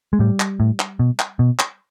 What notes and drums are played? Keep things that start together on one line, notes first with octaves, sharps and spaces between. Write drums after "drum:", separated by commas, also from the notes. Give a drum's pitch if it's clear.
G#3
A2 G3
drum: clap
A2
drum: clap
B2
drum: clap
B2
drum: clap